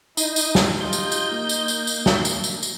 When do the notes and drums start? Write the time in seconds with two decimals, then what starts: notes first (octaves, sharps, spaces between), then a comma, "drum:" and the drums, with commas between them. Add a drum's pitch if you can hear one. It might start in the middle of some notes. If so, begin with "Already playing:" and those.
0.17 D#4 E4, drum: tambourine
0.36 drum: tambourine
0.55 drum: snare
0.81 D#4 F4 G4 D#5 G6
0.93 drum: tambourine
1.12 drum: tambourine
1.36 A#3
1.49 drum: tambourine
1.68 drum: tambourine
1.87 drum: tambourine
2.06 drum: snare
2.25 drum: tambourine
2.44 drum: tambourine
2.63 drum: tambourine